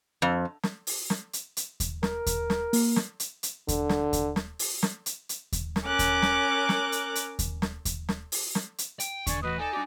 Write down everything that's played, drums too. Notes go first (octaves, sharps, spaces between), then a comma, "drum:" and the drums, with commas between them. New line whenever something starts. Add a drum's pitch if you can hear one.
F2
drum: snare
drum: open hi-hat
drum: snare
drum: hi-hat
drum: hi-hat
drum: kick D#2, hi-hat
A#4, drum: snare
drum: kick D#2, hi-hat
drum: snare
A#3, drum: open hi-hat
drum: snare
drum: hi-hat
drum: hi-hat
D3, drum: kick D#2, hi-hat
drum: snare
drum: kick D#2, hi-hat
drum: snare
drum: open hi-hat
drum: snare
drum: hi-hat
drum: hi-hat
drum: kick D#2, hi-hat
drum: snare
C#4 A#4 D6 F#6
drum: kick D#2, hi-hat
drum: snare
drum: snare
drum: hi-hat
drum: hi-hat
drum: kick D#2, hi-hat
drum: snare
drum: kick D#2, hi-hat
drum: snare
drum: open hi-hat
drum: snare
drum: hi-hat
G5, drum: hi-hat
D3 D4 D5 G#5 C#6, drum: kick D#2, hi-hat
A2 E3 F#4 B4 D#5 D#6
D#4 A4 D5 G#5
D4 F#4 G4 D5 D6